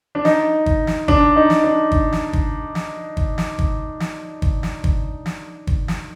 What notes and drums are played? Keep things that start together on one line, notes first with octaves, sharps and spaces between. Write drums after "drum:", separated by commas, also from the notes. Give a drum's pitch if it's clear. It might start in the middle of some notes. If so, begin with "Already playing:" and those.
D4
D#4, drum: snare
drum: kick
drum: snare
D4, drum: kick
D#4
drum: snare
D4
drum: kick
drum: snare
drum: kick
drum: snare
drum: kick
drum: snare
drum: kick
drum: snare
drum: kick
drum: snare
drum: kick
drum: snare
drum: kick
drum: snare